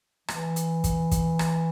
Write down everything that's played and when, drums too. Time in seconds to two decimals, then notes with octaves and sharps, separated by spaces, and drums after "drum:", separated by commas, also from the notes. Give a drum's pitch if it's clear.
0.28 E3, drum: rim click
0.56 drum: hi-hat
0.84 drum: kick, hi-hat
1.12 drum: kick, hi-hat
1.39 drum: rim click